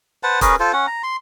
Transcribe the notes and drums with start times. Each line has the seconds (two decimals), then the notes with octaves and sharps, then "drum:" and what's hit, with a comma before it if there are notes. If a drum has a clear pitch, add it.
0.23 B4 C5 F#5 A5
0.41 C#4 G#4 A#4 B4, drum: kick, hi-hat
0.60 F4 A4 C5
0.73 C#4 F#5
0.87 A#5
1.03 C6